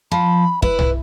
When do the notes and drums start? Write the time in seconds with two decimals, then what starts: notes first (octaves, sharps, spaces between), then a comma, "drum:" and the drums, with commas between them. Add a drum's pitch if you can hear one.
0.11 F3 B5
0.62 E4 B4, drum: kick
0.79 drum: tom B1